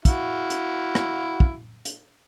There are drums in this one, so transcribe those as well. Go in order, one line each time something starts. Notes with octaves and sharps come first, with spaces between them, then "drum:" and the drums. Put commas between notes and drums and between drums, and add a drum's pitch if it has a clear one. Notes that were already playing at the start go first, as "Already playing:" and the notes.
E4 F#4 F5, drum: kick, hi-hat
drum: hi-hat
drum: rim click
drum: kick
drum: hi-hat